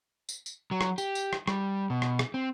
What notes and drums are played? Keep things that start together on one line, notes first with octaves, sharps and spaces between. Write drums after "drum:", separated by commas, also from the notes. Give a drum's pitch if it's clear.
drum: tambourine
drum: tambourine
F#3
drum: rim click
G4, drum: tambourine
drum: tambourine
drum: rim click
G3, drum: rim click
B2
drum: rim click
drum: rim click
C4